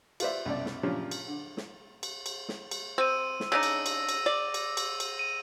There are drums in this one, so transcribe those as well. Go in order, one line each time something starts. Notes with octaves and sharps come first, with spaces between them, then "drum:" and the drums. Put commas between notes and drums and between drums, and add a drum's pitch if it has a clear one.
F4 G4 B4 C5 D5 E5, drum: cymbal
C2 F#2 B2 D5
drum: snare
G2 A#2 C#3 F3 G4 C#5
drum: cymbal
D3
drum: snare
drum: cymbal
drum: cymbal
drum: snare
drum: cymbal
C4 E6 D#7
drum: snare
C#3 D4 D#4 E6 A#6 D#7
drum: cymbal
drum: cymbal
drum: cymbal
D5
drum: cymbal
drum: cymbal
drum: cymbal
D#7